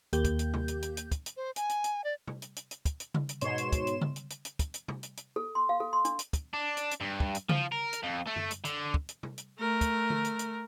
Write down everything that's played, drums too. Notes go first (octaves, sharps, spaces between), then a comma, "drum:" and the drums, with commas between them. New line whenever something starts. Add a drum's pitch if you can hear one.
D#2 A#3 G4 G6, drum: hi-hat
drum: kick, hi-hat
drum: hi-hat
drum: tom C3
drum: hi-hat
drum: hi-hat
drum: hi-hat
drum: kick, hi-hat
drum: hi-hat
C5
G#5, drum: hi-hat
drum: hi-hat
drum: hi-hat
D5
drum: tom C3
drum: hi-hat
drum: hi-hat
drum: hi-hat
drum: kick, hi-hat
drum: hi-hat
drum: tom C#3
drum: hi-hat
G#2 B2 C#5 C6 E7, drum: hi-hat
drum: hi-hat
drum: kick, hi-hat
drum: hi-hat
drum: tom C#3
drum: hi-hat
drum: hi-hat
drum: hi-hat
drum: kick, hi-hat
drum: hi-hat
drum: tom C3
drum: hi-hat
drum: hi-hat
A4
C6
F5
A4
C6
D4, drum: hi-hat
drum: hi-hat
drum: kick, hi-hat
D4
drum: hi-hat
drum: hi-hat
G2
drum: kick
drum: hi-hat
F3, drum: tom C#3
A#4
drum: hi-hat
F2
A3
drum: tom F#2
drum: hi-hat
D3, drum: hi-hat
drum: kick
drum: hi-hat
drum: tom C3
drum: hi-hat
A3 A#4
drum: kick, hi-hat
drum: tom D3
drum: hi-hat
drum: hi-hat